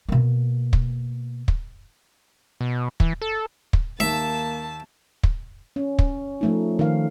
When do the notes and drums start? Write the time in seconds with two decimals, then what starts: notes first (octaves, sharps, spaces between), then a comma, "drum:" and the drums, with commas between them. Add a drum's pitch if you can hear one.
0.09 B2 A#3
0.73 drum: kick
1.48 drum: kick
2.61 B2
3.00 E3, drum: kick
3.22 A4
3.73 drum: kick
4.00 D#2 A#3 E5 A5
5.23 drum: kick
5.76 C#4
5.99 drum: kick
6.41 F3 A3 D#4
6.79 D#3 F5